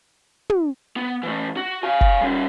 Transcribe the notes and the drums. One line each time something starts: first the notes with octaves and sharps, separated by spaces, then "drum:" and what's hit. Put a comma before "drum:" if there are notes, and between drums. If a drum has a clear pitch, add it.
drum: tom
B3
E3 A3
F#4
F5 G#5
drum: kick F#1
G3 C#4